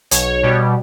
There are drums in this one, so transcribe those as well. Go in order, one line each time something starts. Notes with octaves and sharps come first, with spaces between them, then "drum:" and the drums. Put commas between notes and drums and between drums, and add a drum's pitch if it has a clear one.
B1 C#5, drum: hi-hat
B2 G3